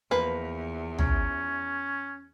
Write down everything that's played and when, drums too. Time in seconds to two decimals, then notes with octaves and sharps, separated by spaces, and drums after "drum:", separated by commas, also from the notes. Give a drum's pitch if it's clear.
0.11 E2 F3 A#3 B4
0.99 C#4, drum: tom